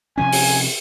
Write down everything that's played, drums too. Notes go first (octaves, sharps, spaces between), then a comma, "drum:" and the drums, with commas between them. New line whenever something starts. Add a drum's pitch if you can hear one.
C3 F3 C#4 G#5
drum: open hi-hat